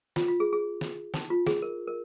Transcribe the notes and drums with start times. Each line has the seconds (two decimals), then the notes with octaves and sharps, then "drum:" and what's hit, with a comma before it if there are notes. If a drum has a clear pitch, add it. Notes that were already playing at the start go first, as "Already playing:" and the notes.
0.16 F4, drum: snare
0.28 F4
0.40 G#4
0.53 G#4
0.81 drum: snare
1.14 D#4, drum: snare
1.30 F4
1.47 G#4, drum: snare
1.62 A#4
1.87 A#4